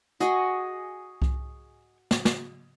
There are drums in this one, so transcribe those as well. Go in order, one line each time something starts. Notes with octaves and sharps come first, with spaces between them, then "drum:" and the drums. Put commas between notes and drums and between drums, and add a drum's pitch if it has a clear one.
F#4 G#4 D#5, drum: hi-hat
drum: kick C2
drum: snare
drum: snare